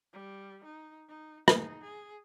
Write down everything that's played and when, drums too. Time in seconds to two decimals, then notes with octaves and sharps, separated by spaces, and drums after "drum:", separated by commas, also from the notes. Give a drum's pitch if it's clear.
0.14 G3
0.65 D#4
1.09 D#4
1.48 D#4 G#4, drum: rim click
1.82 G#4